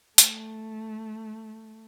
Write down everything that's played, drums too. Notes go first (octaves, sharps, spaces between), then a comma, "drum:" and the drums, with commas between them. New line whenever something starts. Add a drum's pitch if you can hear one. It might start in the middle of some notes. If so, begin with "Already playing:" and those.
A3, drum: hi-hat